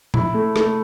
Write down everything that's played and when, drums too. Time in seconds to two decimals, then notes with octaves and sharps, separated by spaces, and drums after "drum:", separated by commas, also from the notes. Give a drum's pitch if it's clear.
0.14 E4, drum: tom
0.34 A3
0.56 A3, drum: rim click